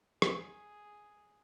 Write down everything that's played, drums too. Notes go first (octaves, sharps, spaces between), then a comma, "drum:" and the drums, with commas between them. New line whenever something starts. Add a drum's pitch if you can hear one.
G#4, drum: rim click